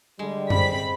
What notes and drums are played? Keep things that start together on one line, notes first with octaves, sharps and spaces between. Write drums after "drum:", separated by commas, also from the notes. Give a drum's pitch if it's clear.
D3 G3 G#3
C4 B5 B6, drum: tom F#2